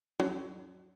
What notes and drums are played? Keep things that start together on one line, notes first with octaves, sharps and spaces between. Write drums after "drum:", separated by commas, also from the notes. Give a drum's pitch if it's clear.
F#3, drum: tom